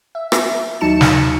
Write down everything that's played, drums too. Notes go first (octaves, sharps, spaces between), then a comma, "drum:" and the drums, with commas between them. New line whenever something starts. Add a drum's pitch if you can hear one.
E5
drum: rim click
D#2 F#3 D#4 A5 C#7 E7
drum: snare